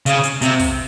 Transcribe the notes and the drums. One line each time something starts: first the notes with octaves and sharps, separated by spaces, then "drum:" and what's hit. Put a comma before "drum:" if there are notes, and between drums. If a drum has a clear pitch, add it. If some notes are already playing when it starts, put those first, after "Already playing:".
C#3, drum: hi-hat
drum: hi-hat
C3, drum: hi-hat
drum: kick, open hi-hat